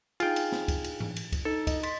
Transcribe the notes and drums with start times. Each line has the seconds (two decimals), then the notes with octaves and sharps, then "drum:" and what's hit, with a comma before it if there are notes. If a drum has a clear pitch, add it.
0.20 D#4 F4 G#4 G5 G#5, drum: cymbal
0.36 drum: cymbal
0.52 drum: snare
0.68 drum: kick, cymbal
0.84 drum: cymbal
1.00 drum: tom G#2
1.16 drum: cymbal
1.32 drum: kick, cymbal
1.45 D#4 A4
1.67 D#5, drum: kick, cymbal
1.83 C6 A6 B6, drum: cymbal